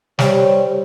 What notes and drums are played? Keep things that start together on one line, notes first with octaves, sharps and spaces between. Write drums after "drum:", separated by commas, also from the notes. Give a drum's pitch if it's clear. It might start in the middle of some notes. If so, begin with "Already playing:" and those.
G3 C5 C#5, drum: snare